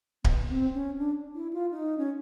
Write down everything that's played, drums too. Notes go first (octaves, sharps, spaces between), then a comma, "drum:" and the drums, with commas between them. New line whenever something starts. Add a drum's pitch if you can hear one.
B3, drum: kick D1
C4
C#4
D4
E4
F4
D#4
C#4